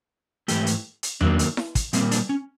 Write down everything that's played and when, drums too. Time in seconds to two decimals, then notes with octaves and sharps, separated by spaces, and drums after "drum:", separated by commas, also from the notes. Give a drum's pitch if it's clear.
0.48 G#2 E3 A3 G4, drum: hi-hat
0.67 drum: hi-hat
1.03 drum: hi-hat
1.21 F#2 D#3 F#3 A#3 D4, drum: tom E2
1.39 drum: hi-hat
1.57 drum: snare E4
1.75 drum: kick, hi-hat
1.93 A#2 G3 A#3 C4, drum: hi-hat
2.11 D4, drum: hi-hat
2.29 C#4